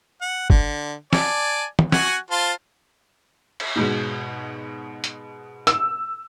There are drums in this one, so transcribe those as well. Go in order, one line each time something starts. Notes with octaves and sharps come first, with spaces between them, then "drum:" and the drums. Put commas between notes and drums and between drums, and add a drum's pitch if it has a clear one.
F#5
D3, drum: kick F#1
D5 G#5 A5, drum: snare
drum: tom
F#4 F#5 G#5, drum: snare
F4 C5 A5
drum: cymbal
G#2 B2 G#3
drum: hi-hat
E6, drum: hi-hat